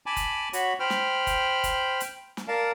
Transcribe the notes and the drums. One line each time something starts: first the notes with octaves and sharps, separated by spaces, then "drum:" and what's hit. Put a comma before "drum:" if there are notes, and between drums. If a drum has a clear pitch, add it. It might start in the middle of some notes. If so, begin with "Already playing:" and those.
G#5 A5 B5 D6
drum: kick F#1, hi-hat
F#4 C#5 B5, drum: hi-hat
C5 G5 B5 F6
drum: snare
drum: kick F#1, hi-hat
drum: kick F#1, hi-hat
drum: hi-hat
drum: snare
A#4 D5 F5 A5